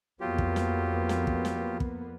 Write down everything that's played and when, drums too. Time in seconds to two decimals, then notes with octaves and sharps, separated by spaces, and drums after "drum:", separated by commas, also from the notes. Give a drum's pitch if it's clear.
0.21 F2 F#3 A#3 B3 F4 G4
0.38 drum: kick
0.56 drum: snare
1.09 drum: snare
1.27 drum: kick
1.45 drum: snare
1.80 drum: kick